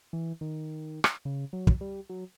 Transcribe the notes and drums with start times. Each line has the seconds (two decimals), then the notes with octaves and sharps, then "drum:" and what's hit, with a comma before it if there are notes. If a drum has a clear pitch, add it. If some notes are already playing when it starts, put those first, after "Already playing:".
0.13 E3
0.41 D#3
1.04 drum: rim click
1.25 C#3
1.53 F#3
1.67 drum: kick
1.81 G3
2.09 F#3